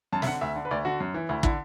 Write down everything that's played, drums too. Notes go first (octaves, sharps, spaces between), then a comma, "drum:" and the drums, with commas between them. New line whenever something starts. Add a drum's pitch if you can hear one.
F#2 A5
E5, drum: snare
D3 F#5
D2 E5
D3
B4
D2 D5
D3 F#4
F#2
E3
D2 E4
D3 E4, drum: kick